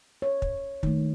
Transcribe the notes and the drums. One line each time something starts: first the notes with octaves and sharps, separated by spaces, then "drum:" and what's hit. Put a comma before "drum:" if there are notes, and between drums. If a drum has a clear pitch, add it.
C#5
drum: kick
D#3 A3, drum: kick